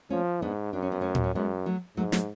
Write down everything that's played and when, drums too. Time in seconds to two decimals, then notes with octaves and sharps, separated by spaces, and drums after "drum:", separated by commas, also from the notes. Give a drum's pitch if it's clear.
0.10 F3 A3 C#4
0.42 G#2 B3 D4
0.73 F#2 D4
0.82 C#4
0.92 B3
1.01 A3 C#4
1.15 drum: tom A2
1.24 C#4
1.35 F#2 G#3 B3
1.66 F#3 A3
1.97 G#2 F#3 A3
2.12 F#3 A3, drum: snare